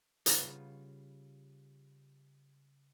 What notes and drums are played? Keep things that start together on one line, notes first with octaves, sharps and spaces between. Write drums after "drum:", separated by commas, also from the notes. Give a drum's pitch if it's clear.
C#3 G3 F4 B4 F#5 A#5, drum: hi-hat